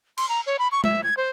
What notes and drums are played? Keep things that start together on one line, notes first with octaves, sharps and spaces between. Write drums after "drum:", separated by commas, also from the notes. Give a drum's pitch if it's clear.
C6, drum: cymbal
A#5
C#5
B5
C#6
E5, drum: tom G#3
G#6
C5